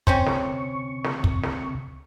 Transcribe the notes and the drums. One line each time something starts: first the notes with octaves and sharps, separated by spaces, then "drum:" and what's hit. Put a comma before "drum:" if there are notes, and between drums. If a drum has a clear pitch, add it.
D2 C3 C4 C#4 C5 C#6, drum: kick
drum: snare
drum: snare
drum: kick
drum: snare